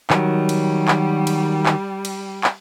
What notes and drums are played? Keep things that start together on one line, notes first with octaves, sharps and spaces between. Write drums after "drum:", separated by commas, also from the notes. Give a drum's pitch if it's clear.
D#3 F#3 G3, drum: clap
drum: cymbal
drum: clap
drum: cymbal
drum: clap
drum: cymbal
drum: clap